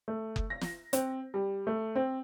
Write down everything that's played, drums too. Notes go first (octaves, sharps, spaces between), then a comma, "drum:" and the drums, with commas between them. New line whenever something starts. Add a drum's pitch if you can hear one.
A3
drum: kick F#1
A#6
drum: snare
C4, drum: hi-hat
G3
A3
C4